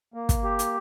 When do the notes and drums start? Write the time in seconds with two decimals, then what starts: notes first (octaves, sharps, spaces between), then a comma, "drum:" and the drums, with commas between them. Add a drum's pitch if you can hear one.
0.14 A#3
0.29 drum: kick, hi-hat
0.44 G4
0.59 drum: hi-hat